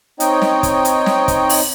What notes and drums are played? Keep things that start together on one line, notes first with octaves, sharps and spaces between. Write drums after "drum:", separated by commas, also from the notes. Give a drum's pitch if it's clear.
C4 D#4 C#5 D#5 G5, drum: hi-hat
drum: snare
drum: kick, hi-hat
drum: hi-hat
drum: snare
drum: kick, hi-hat
drum: open hi-hat